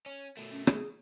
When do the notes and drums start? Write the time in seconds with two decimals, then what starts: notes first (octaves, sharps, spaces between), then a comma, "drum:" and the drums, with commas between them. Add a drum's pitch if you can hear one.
0.06 C#4
0.37 B2 A3
0.51 C#4
0.67 G#4, drum: rim click